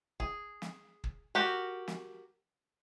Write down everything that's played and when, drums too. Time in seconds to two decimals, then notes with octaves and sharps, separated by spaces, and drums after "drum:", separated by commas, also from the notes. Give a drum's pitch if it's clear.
0.20 G#4, drum: kick
0.62 drum: snare
1.04 drum: kick
1.35 F#4 G4 A#4
1.88 drum: snare